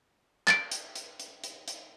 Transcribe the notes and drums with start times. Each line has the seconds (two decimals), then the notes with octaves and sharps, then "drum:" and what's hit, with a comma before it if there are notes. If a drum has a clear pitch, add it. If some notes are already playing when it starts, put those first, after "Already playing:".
0.47 A6 D7, drum: clap
0.71 drum: hi-hat
0.96 drum: hi-hat
1.20 drum: hi-hat
1.44 drum: hi-hat
1.68 drum: hi-hat